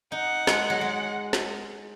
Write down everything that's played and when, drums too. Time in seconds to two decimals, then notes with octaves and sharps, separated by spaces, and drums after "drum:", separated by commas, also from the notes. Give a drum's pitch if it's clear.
0.12 D#4 F#5
0.47 G#3, drum: snare
0.70 F#3
0.81 G#3
1.33 drum: snare